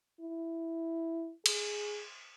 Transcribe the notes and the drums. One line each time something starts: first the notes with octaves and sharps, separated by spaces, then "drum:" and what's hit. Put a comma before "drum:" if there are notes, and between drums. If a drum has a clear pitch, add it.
E4
G#4, drum: cymbal